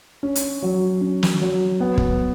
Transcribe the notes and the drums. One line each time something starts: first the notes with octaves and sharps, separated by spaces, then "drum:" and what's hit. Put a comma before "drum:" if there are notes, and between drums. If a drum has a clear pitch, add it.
C#4
drum: hi-hat
F#3
C#4
drum: snare
F#3
B3
drum: kick